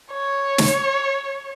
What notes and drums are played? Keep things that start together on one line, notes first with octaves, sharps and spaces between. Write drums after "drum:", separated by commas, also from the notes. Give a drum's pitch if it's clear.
C#5
drum: snare